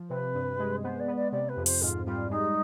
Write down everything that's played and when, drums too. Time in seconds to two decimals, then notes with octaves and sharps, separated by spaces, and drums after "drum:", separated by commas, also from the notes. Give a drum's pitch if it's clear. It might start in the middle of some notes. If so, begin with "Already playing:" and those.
Already playing: F3
0.10 C3 B4
0.34 G2
0.59 G#3
0.83 B3 C5
1.00 D5
1.08 B3
1.16 D5
1.32 C3 D5
1.49 B4
1.57 F2
1.66 C5, drum: open hi-hat
1.82 G#2 F4
2.06 G3 F4
2.30 G#3 D#4